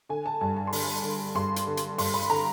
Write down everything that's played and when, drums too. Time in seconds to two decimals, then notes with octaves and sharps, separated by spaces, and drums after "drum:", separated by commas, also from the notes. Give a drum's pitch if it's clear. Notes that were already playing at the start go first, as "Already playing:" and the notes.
0.09 D3 G#5
0.26 A5
0.41 G2 A5
0.57 A5
0.67 C6
0.73 D3 B5, drum: open hi-hat
1.03 D3
1.35 G2 C6
1.56 drum: hi-hat
1.67 D3
1.77 drum: hi-hat
1.98 G2 C6, drum: open hi-hat
2.14 B5
2.29 D3 A#5